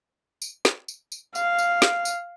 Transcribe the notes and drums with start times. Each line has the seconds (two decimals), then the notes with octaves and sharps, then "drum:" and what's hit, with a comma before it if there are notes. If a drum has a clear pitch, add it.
0.42 drum: tambourine
0.65 drum: snare
0.88 drum: tambourine
1.12 drum: tambourine
1.35 F5, drum: tambourine
1.58 drum: tambourine
1.82 drum: snare
2.05 drum: tambourine